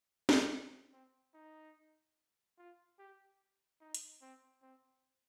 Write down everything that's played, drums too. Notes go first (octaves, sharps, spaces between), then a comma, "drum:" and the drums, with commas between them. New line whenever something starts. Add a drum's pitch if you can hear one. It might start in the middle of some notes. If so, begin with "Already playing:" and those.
drum: snare
C4
D#4
F4
G4
D#4
drum: hi-hat
C4
C4